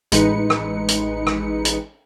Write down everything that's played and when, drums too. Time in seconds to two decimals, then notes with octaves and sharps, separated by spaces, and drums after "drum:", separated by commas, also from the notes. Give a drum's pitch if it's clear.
0.12 A1 G#3 D#4 B4 C#7, drum: hi-hat
0.50 drum: rim click
0.88 drum: hi-hat
1.27 drum: rim click
1.65 drum: hi-hat